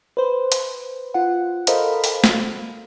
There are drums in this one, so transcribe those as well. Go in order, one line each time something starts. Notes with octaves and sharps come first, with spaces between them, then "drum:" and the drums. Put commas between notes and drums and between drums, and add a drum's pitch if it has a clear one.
B4 C5
drum: hi-hat
F4 F#5
A4 A#4 C5 D#5 F5 B5, drum: hi-hat
drum: open hi-hat
drum: snare